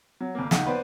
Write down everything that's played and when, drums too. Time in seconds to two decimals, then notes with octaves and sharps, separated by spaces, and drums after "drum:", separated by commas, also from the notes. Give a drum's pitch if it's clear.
0.21 F#3
0.35 G1 A#3
0.51 D#1 C#2 D#3 G4 F#5 D#7, drum: snare
0.66 B3 B4 C5 D5